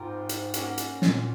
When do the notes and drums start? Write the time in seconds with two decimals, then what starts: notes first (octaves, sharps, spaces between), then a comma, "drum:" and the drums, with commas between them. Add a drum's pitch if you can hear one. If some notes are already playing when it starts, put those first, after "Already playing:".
Already playing: G#2 G3 C4 F4 A#4
0.29 drum: hi-hat
0.54 A#3 C#4 F#4, drum: hi-hat
0.78 drum: hi-hat
1.02 A#2, drum: snare